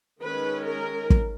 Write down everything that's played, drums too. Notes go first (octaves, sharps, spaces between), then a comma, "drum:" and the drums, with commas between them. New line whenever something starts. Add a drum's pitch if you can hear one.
D#3 G#3 C#4 B4
A#4
drum: kick